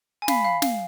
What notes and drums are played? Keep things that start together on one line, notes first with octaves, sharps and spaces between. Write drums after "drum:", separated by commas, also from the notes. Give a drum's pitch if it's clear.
G#5
F5 B5, drum: snare
F5
F5, drum: snare